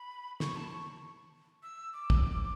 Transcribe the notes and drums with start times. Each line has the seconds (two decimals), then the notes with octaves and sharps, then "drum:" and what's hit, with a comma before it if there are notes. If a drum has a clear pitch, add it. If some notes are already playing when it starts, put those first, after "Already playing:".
Already playing: B5
0.40 C#6, drum: snare
0.56 A5
0.71 C#6
1.63 E6
1.93 D6
2.10 drum: kick